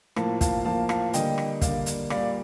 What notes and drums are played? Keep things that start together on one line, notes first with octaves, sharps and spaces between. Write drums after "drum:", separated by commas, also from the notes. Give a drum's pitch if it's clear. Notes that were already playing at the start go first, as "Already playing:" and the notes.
A2 F3 A#3 F5 A5, drum: rim click
F5 A5, drum: kick, hi-hat
A2 F3 A#3 F5 A5
F5 A5, drum: rim click
D3 G3 A#3 D#5 G5, drum: hi-hat
drum: rim click
D3 G3 A#3 D5 F5, drum: kick, hi-hat
drum: hi-hat
A#2 G3 A#3 D5 F5, drum: rim click